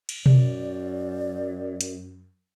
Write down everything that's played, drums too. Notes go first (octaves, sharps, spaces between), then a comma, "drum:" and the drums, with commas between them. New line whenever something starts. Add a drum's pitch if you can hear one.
drum: cymbal
F#2 D5, drum: tom B2
drum: hi-hat